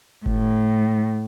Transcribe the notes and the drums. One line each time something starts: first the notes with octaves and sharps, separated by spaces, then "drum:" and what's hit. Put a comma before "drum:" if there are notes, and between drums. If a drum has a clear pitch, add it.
A2, drum: kick G1